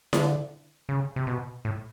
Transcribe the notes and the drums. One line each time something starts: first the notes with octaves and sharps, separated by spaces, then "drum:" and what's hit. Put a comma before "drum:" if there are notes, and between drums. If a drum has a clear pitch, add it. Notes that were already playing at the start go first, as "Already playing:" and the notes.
D3, drum: snare E4
C#3
C3
B2
A2